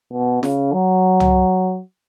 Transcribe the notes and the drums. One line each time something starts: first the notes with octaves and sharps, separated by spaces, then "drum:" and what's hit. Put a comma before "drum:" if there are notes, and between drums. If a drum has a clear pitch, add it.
B2
C#3, drum: snare
F#3
drum: tom